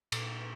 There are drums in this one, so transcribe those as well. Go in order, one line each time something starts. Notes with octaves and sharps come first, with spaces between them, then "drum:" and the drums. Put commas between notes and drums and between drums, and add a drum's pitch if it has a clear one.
A#2, drum: cymbal